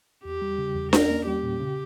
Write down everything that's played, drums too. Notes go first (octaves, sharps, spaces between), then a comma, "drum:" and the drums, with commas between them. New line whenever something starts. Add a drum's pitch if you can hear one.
E2 G4
G3
C#3
E2
C#4 A#4, drum: snare D4
A#3
G3 G4
A#2
C#3